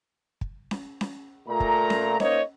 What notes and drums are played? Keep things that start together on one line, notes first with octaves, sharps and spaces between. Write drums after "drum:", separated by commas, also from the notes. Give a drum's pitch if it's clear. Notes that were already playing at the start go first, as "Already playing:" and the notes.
drum: kick
drum: snare C#4
drum: snare C#4
A#2 A3 A#5
drum: kick
drum: snare C#4
A#3 C#4 D#4 C5 C#5 D#5, drum: snare C#4